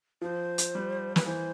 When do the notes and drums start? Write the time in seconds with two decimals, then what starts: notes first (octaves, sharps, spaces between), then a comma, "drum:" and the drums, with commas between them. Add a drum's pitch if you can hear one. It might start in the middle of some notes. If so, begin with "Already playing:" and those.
0.21 F3 C5
0.58 drum: hi-hat
0.75 G3
1.16 B4, drum: snare
1.26 E3 C5